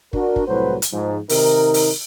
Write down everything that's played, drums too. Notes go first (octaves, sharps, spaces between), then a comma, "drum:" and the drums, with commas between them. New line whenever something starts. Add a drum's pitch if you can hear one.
D4 F#4 A#4, drum: kick
drum: kick
C2 A2 F#3 F#4 B4 C5
drum: hi-hat
G#2 F3
C3 D#3 D#4 A#4, drum: open hi-hat
drum: open hi-hat